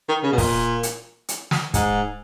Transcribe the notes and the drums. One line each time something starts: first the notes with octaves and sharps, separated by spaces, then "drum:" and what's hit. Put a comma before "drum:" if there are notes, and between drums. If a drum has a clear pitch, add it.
D#3
C#3
B2
A#2, drum: kick, open hi-hat
drum: hi-hat
drum: hi-hat
drum: snare
G#2, drum: kick, hi-hat